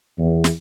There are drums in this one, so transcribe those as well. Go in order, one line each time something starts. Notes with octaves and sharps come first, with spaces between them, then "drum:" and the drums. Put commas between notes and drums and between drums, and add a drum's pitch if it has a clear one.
E2
drum: snare